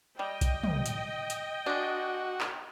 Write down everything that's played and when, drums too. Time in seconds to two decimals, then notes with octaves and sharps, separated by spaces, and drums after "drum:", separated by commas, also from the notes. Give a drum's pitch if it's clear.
0.19 G3 D#5 G5
0.41 drum: kick B1, hi-hat
0.63 drum: tom
0.86 drum: hi-hat
1.30 drum: hi-hat
1.66 G#3 D4 F#4
2.41 drum: clap